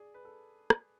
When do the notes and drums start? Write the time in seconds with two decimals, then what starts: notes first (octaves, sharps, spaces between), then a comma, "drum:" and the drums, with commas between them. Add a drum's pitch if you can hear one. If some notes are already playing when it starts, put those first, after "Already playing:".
Already playing: G#4 D5
0.14 B4
0.25 A4
0.70 drum: rim click